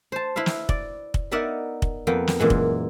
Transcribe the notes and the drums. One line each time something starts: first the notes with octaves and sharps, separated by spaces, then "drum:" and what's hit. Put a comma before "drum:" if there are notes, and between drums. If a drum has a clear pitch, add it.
C5 A5
E4 B4 E5 F5
drum: snare
D5, drum: kick
drum: kick
B3 D#4 A#4 D5 E5 F#5
drum: kick
F2 A#3 B3 G5
drum: snare
F#2 A#2 E3 G#3 F#5
drum: kick